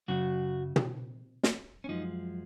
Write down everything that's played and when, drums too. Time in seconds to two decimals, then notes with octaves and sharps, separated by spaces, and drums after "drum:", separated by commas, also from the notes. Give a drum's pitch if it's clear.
0.08 F#2 C#3 F#3 F#4
0.76 drum: tom
1.43 drum: snare
1.84 C#4
1.88 F#2 F3 G#3 D#4